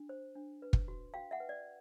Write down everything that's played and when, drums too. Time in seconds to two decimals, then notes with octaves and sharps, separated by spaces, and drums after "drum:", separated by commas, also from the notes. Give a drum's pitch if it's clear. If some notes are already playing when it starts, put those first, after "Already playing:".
Already playing: D4
0.09 C5
0.35 D4
0.62 B4
0.73 drum: kick
0.88 F#4
1.14 F#4 F5 G5
1.31 E5 F#5
1.40 B4
1.49 D5